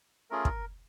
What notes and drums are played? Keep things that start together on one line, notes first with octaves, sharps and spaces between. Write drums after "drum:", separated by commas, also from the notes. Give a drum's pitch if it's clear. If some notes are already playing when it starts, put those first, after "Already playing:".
A3 C#4 F4 G#4 A#4
drum: kick